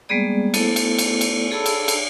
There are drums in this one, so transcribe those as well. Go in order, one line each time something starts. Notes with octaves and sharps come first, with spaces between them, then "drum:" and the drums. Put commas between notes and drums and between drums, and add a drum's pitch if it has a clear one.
G3 G#3 A#3 B3 G#4 D5
A3 B3 E4 A4 C5, drum: cymbal
drum: cymbal
drum: cymbal
drum: cymbal
G#4 A4 A5 B5 E6
drum: cymbal
drum: cymbal